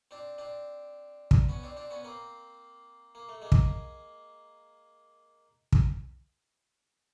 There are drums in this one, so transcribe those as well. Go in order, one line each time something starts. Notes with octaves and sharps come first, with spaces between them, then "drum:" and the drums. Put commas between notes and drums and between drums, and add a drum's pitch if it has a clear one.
C4 D4
C4 D4
drum: kick
B3 C#4
C4 D4
C4 D4
B3 C#4
A#3 C4
A#3
A3
G#3 A#3
drum: kick
drum: kick